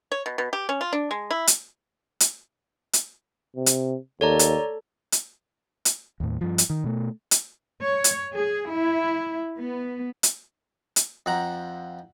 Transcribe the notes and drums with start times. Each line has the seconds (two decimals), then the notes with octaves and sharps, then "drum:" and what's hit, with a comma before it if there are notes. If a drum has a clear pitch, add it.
0.12 C#5
0.26 B2
0.38 B2
0.53 G4
0.69 C#4
0.81 F4
0.93 D4
1.11 G#3
1.31 E4
1.47 drum: hi-hat
2.20 drum: hi-hat
2.93 drum: hi-hat
3.56 C3
3.66 drum: hi-hat
4.21 D#2 A4 C#5 D5 A#5
4.39 drum: hi-hat
5.12 drum: hi-hat
5.85 drum: hi-hat
6.20 D#2 A2
6.41 G2 F3
6.58 drum: hi-hat
6.70 D#3
6.84 B2 A3
7.31 drum: hi-hat
7.81 C#5
8.04 drum: hi-hat
8.33 G#4
8.71 E4
9.58 B3
10.23 drum: hi-hat
10.96 drum: hi-hat
11.26 F2 F3 F#5 A#5